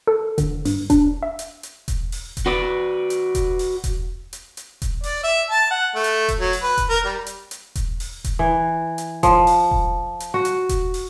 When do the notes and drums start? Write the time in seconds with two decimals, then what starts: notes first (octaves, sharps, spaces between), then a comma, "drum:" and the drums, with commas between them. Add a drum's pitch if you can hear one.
0.07 A4
0.38 D3, drum: kick E1, hi-hat
0.65 G2, drum: open hi-hat
0.90 D4, drum: kick E1, hi-hat
1.23 E5
1.39 drum: hi-hat
1.63 drum: hi-hat
1.88 drum: kick E1, hi-hat
2.12 drum: open hi-hat
2.37 drum: kick E1, hi-hat
2.46 F#4 B4 D5
3.10 drum: hi-hat
3.35 drum: kick E1, hi-hat
3.59 drum: open hi-hat
3.84 drum: kick E1, hi-hat
4.33 drum: hi-hat
4.57 drum: hi-hat
4.82 drum: kick E1, hi-hat
5.04 D5, drum: open hi-hat
5.23 E5
5.50 A5
5.71 F#5
5.95 A3
6.04 drum: hi-hat
6.29 drum: kick E1, hi-hat
6.40 F#3
6.53 drum: open hi-hat
6.62 B4
6.78 drum: kick E1, hi-hat
6.90 A#4
7.05 G3
7.26 drum: hi-hat
7.51 drum: hi-hat
7.75 drum: kick E1, hi-hat
8.00 drum: open hi-hat
8.24 drum: kick E1, hi-hat
8.39 E3
8.98 drum: hi-hat
9.23 F3, drum: kick E1, hi-hat
9.47 drum: open hi-hat
9.71 drum: kick E1
10.20 drum: hi-hat
10.34 F#4
10.45 drum: hi-hat
10.69 drum: kick E1, hi-hat
10.94 drum: open hi-hat